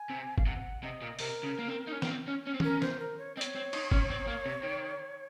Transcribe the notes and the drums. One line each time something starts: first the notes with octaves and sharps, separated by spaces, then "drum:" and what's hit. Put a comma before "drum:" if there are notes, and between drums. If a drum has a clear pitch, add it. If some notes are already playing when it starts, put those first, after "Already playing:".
Already playing: G#5
C3
F5, drum: kick
C3 F#5
C3 D#5
A#2
C3 A#4, drum: open hi-hat
C#3
A#3
C4
D#4
C#4
A#3, drum: snare
C4
C#4
C#4
C4
C#4 A#4, drum: tom
C5, drum: snare
A#4
C#5
C4 D#5
C#5, drum: hi-hat
C4
D#4, drum: cymbal
C#4, drum: kick
C4
A#3
C3
D#3